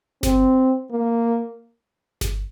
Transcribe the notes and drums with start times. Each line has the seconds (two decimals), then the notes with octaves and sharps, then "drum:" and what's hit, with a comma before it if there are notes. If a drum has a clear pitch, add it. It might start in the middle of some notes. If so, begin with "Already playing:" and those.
0.23 C4, drum: snare G1
0.91 A#3
2.21 drum: snare G1